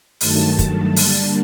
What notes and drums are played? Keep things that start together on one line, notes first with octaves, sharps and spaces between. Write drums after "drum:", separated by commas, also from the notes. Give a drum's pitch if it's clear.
G2 D#3 F#3 A3 A5, drum: open hi-hat
A5, drum: kick, hi-hat
D3 G3 A#3 D4, drum: open hi-hat